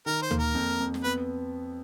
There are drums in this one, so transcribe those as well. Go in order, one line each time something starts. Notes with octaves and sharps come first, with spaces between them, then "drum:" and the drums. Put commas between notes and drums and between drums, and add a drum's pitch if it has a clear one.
D#3 A#4
C5
A#3, drum: tom
A#4
F2
F2
drum: snare
B3 B4